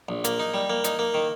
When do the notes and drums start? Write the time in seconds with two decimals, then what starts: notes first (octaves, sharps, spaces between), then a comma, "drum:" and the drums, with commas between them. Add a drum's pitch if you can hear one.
0.09 A#1
0.24 A#3, drum: hi-hat
0.40 D#4
0.54 G3
0.70 A#3
0.84 D#4, drum: hi-hat
0.99 A#3
1.14 D#3